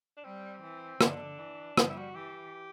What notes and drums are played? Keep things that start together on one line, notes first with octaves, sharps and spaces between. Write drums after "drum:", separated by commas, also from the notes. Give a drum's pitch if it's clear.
D4
G3 C4
E3
D3 D4, drum: rim click
E3
G3 E4, drum: rim click
E4
F#4
E3 G4